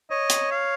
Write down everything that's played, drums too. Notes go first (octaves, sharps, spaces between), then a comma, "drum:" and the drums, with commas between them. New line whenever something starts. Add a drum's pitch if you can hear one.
C#5 D#5
drum: hi-hat
F5